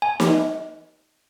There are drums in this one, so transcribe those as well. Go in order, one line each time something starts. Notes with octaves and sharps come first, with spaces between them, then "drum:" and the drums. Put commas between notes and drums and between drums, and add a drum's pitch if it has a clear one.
G#5
drum: snare